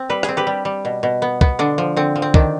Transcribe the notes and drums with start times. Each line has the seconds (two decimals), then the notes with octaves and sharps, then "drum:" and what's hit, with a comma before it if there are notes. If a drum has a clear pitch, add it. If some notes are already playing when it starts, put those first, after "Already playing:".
Already playing: C4
0.10 G3 B4
0.23 G#4, drum: rim click
0.28 C4
0.37 G4 B4
0.47 G3
0.65 G3
0.85 B2
1.03 B2
1.22 B3
1.41 B3, drum: kick
1.59 D3 D4
1.78 F3
1.96 D3 C4
2.16 F3
2.22 C4
2.34 D#3 D4, drum: kick